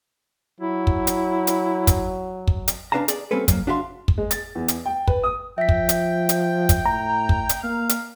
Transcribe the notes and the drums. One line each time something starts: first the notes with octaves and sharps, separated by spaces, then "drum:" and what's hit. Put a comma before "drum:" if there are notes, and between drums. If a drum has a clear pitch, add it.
F#3 E4
drum: kick
drum: hi-hat
drum: hi-hat
drum: kick, hi-hat
drum: kick
drum: hi-hat
C#4 D4 B4 F5 A5 A#5
G#4 D5, drum: hi-hat
G3 A#3 C4 C#4 A4 B4
F#3 A#3, drum: kick, hi-hat
D4 F#4 E5 F5 C6
drum: kick
G#3
A6, drum: hi-hat
E2
drum: hi-hat
G5
B4, drum: kick
D#6
F3 E5 G5 B6
drum: kick
drum: hi-hat
drum: hi-hat
drum: kick, hi-hat
A2 A#5
drum: kick
drum: hi-hat
A#3 F5
drum: hi-hat